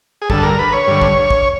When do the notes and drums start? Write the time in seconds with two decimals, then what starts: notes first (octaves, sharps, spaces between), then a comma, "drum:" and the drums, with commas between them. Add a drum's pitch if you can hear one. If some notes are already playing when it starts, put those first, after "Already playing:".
0.22 G#4
0.30 G2 D3 A4, drum: kick
0.43 A#4
0.59 B4
0.73 C#5
0.87 G2 D3
1.01 drum: kick
1.30 drum: kick